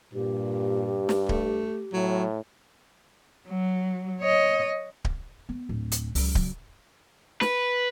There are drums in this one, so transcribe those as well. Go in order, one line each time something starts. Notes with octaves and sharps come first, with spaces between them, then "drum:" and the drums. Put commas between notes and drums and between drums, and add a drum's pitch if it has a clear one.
G2 A#2 G4
drum: snare
A3, drum: kick D1
A2 F#3
F#3
C#5 D#5
drum: kick D1
B3
D1
drum: hi-hat
C#2 F#3, drum: open hi-hat
C#3 F#3, drum: kick D1
B4, drum: snare